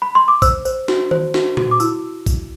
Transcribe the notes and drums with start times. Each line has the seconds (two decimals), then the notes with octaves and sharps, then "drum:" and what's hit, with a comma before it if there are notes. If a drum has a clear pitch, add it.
0.02 B5
0.15 C6
0.28 D6
0.42 C5 E6, drum: kick B1, tambourine
0.65 C5, drum: tambourine
0.88 F#4, drum: snare
1.11 C5, drum: tom D#3
1.34 F#4, drum: snare
1.57 F#4, drum: tom A#2
1.71 D6
1.80 E4 E6, drum: tambourine
2.26 drum: kick B1, tambourine